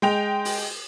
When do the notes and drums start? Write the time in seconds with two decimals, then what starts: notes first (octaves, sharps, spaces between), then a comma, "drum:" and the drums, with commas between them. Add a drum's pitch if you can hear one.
0.02 G#3 G5 F7
0.45 drum: open hi-hat